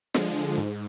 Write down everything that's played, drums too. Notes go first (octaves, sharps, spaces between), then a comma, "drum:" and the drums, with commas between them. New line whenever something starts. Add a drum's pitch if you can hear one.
D3 F3 G#3, drum: snare
G#2